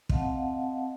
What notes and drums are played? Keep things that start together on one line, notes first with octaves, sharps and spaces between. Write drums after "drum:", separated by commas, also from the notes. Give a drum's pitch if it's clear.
C4 D#5 F5 F#5 A5, drum: kick